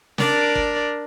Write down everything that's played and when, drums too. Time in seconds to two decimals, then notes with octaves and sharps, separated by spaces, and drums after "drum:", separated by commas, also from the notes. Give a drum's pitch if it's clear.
0.18 D4 A#4 D5, drum: snare
0.55 drum: kick G1